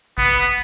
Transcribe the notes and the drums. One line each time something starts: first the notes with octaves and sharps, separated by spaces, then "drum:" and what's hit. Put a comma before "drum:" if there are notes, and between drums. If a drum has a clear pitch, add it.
B3, drum: kick, hi-hat